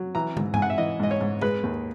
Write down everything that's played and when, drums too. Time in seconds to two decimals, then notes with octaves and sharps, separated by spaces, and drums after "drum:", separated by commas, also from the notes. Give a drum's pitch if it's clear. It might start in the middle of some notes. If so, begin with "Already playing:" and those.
Already playing: F#3
0.15 E3 A#5
0.37 G#2, drum: tom
0.54 G#2 G#5, drum: tom
0.62 F#5
0.70 E5
0.78 E3 D#5
1.00 G#2 D#5
1.11 C#5
1.21 G#2
1.41 G#3 B4, drum: tom G#3
1.63 D#2